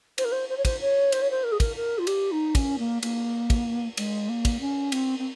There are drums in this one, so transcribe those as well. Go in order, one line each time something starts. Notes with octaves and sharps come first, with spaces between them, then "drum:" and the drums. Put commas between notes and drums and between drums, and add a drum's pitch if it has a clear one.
C5, drum: cymbal
A#4
C5
C5
C#5
C5, drum: kick, cymbal
C#5
C5, drum: cymbal
C#5
C5
A#4
G#4
A#4, drum: kick, cymbal
A#4
F4
G4, drum: cymbal
D#4
C#4, drum: kick, cymbal
A#3
A#3, drum: cymbal
drum: kick, cymbal
G#3, drum: cymbal
A#3
drum: kick, cymbal
C#4
C4, drum: cymbal
C4